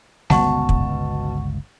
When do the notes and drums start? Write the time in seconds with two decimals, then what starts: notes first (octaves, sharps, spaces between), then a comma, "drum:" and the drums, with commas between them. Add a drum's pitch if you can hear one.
0.30 G1 C#2 B2 F#5 A5 C#6, drum: snare G3
0.69 drum: kick